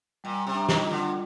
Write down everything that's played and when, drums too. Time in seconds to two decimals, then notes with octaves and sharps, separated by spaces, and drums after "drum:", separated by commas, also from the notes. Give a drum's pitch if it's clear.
0.24 A#2 G3
0.47 C3
0.54 D4
0.69 D#3, drum: snare
0.84 F4
0.91 D3